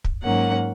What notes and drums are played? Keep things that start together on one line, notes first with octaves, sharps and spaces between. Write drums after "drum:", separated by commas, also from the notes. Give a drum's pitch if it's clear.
drum: kick
G#2 F#3 A#3 C#4 F#5